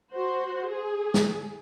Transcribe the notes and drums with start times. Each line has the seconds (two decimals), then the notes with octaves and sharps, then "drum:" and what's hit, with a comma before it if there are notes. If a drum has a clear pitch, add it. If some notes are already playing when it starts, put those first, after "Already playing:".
0.13 F#4 C5
0.67 G#4
1.14 drum: snare